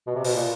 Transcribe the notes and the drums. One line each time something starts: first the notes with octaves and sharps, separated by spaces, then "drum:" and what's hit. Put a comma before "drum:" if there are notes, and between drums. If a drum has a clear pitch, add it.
B2
C3
B2, drum: open hi-hat
A#2